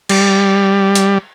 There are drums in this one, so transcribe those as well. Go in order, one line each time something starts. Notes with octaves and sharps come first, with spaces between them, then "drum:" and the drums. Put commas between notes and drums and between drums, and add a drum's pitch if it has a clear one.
G3, drum: cymbal
drum: hi-hat